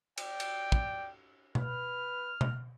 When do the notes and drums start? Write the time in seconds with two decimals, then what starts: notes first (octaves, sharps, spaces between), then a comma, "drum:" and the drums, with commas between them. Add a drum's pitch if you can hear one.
0.18 D5 G5, drum: cymbal
0.40 drum: cymbal
0.72 drum: kick
1.55 B4 F6, drum: tom B2
2.41 drum: tom B2